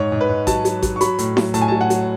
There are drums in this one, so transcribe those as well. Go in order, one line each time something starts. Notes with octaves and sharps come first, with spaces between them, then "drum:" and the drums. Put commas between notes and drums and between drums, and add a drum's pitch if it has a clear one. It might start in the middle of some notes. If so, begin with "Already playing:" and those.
Already playing: G#2 C#5
G#2
B4
G#2
F#3 A5, drum: kick A1, hi-hat
F#3, drum: hi-hat
F#3, drum: kick A1, hi-hat
C#6
F#3 B5, drum: hi-hat
A2, drum: hi-hat
F#3, drum: snare E4
A2 A5, drum: hi-hat
G#5
F#3 A5
F#5
F#3, drum: hi-hat